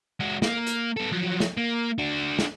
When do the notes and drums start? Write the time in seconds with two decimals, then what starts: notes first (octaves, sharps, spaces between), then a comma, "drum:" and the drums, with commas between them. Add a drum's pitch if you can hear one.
0.20 G#3 F#4
0.42 A#3, drum: snare
0.67 drum: hi-hat
0.97 B3 A4
1.12 F3 F#3
1.40 drum: snare
1.57 A#3
1.98 D4 F#4
2.39 drum: snare